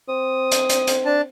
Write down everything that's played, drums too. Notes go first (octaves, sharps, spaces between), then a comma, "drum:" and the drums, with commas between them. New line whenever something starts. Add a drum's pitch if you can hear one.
C4 D#6
drum: hi-hat
drum: hi-hat
drum: hi-hat
D4 A5